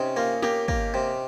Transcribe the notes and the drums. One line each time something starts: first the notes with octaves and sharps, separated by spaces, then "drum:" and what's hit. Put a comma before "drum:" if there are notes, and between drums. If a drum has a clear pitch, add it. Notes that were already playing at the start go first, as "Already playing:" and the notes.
Already playing: C3 C#4 D#4
A#3 F4
A#3 G4, drum: snare
A#3, drum: kick
C3